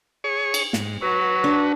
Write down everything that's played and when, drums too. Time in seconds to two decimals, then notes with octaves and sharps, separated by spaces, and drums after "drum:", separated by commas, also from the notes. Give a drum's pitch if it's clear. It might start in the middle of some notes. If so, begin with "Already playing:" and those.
0.24 G#4 C#5 C#6
0.54 drum: cymbal
0.73 G#2, drum: snare
1.02 F#3 F#4 B4
1.44 D4